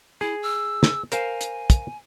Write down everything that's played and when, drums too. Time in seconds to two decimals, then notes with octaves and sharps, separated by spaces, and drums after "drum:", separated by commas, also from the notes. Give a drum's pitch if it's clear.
0.21 E4 G#4
0.43 E6
0.83 drum: snare
1.12 A#4 C5 F5 G#5, drum: hi-hat
1.41 drum: hi-hat
1.70 drum: kick, hi-hat